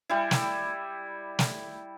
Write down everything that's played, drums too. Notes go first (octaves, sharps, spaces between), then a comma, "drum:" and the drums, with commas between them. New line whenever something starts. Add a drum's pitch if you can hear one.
G3 E4
drum: snare
drum: snare